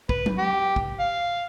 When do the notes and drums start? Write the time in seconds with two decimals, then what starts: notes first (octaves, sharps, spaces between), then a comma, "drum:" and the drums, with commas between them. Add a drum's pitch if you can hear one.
0.09 B4, drum: kick
0.26 drum: tom F#3
0.38 G4
0.76 drum: kick
1.00 F5